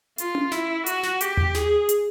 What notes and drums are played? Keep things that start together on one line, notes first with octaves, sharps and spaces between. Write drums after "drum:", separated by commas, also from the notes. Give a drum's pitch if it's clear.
F4, drum: hi-hat
drum: tom C#4
E4, drum: snare
F#4, drum: hi-hat
drum: snare
G4, drum: hi-hat
drum: tom D#2
G#4, drum: snare
drum: hi-hat